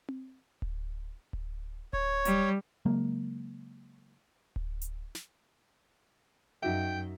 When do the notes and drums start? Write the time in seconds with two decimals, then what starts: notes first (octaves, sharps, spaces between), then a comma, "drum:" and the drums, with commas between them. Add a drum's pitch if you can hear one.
0.09 drum: tom C4
0.62 drum: kick D1
1.33 drum: kick D1
1.93 C#5, drum: kick D1
2.25 G3, drum: hi-hat
2.85 C#3 F#3 G#3 A#3
4.56 drum: kick D1
4.82 drum: hi-hat
5.15 drum: snare
6.62 F#2 D#4 F#4 E5 G5